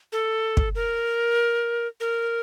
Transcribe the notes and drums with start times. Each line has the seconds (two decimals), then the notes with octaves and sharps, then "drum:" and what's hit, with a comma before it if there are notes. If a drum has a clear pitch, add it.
0.12 A4
0.57 drum: kick
0.75 A#4
2.00 A#4